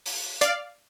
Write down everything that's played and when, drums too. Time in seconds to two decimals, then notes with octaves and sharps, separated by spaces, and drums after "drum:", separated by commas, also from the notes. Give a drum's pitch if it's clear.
0.06 drum: open hi-hat
0.41 D5 F5, drum: hi-hat